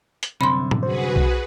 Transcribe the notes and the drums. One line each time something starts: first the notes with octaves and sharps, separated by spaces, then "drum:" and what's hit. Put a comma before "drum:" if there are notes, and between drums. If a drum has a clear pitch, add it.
drum: hi-hat
C2 F#2 D3 C4 B5 C6
drum: tom A2
F#4 G#4 B4 C5
drum: kick B1